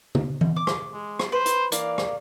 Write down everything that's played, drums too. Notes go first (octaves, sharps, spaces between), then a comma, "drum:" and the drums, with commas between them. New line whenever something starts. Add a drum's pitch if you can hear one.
drum: tom C#3
drum: tom E3
D6
drum: rim click
G#3
drum: rim click
B4 C5
drum: hi-hat
E3 A#3 D5 F5, drum: hi-hat
drum: rim click